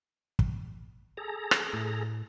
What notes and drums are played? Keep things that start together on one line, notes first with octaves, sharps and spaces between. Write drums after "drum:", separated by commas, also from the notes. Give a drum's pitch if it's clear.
drum: kick
G#4 A4 A#5
drum: rim click
A2